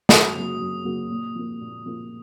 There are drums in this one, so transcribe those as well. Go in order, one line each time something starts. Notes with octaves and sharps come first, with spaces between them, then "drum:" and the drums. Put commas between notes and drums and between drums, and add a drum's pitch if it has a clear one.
F#2 D#6, drum: snare
C#3 F#3 A#3
F#2
C#3 F#3 A#3
A#2
F3 A#3
A#2
F3 A#3